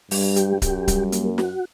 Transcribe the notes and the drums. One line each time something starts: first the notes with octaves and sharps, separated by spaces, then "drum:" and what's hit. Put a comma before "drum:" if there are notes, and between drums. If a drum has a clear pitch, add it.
G2 G3, drum: open hi-hat
G4, drum: hi-hat
F#2 G4, drum: kick C#1, hi-hat
G3, drum: kick C#1, hi-hat
A#3, drum: hi-hat
F#4, drum: snare